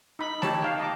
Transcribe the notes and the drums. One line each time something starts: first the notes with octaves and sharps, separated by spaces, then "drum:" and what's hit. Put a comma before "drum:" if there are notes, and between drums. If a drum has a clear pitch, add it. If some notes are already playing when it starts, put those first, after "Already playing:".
D#4 B5
D#4 G4 C#5 A5, drum: snare A3
F5 G5
D#5 A5 A#5 D6